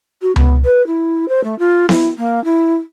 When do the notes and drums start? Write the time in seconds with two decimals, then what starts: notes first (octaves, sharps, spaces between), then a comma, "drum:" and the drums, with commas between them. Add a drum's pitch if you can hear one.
0.22 F#4
0.36 B3, drum: tom C#2
0.65 B4
0.87 E4
1.29 C5
1.44 A3
1.59 F4
1.89 E4, drum: snare B3
2.18 A#3
2.44 E4